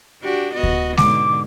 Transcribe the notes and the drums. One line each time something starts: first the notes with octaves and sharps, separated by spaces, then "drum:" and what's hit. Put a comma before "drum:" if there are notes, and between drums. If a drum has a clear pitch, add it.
D4 F#4 G4
B3 F#4 D#5
drum: kick D2
G#2 B2 D3 D6, drum: snare G#3